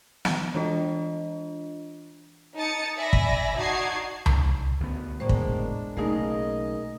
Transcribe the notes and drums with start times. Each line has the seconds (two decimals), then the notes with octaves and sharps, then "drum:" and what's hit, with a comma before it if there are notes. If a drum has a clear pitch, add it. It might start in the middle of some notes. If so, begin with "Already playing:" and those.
0.25 drum: snare
0.55 E3 D4 F4 D#5
2.56 D#4 A5 D#6 A6 C#7
2.97 D5 E5 G#5 B5 A#6
3.13 drum: kick
3.56 D#4 F#4 D5 A5 G#6 C7
4.26 drum: tom C#2
4.80 D2 B3
5.20 A2 G#3 A#3 D4 C5
5.29 drum: kick
5.97 B1 C#3 A3 A#3 D#4 G#4 A#4 D#5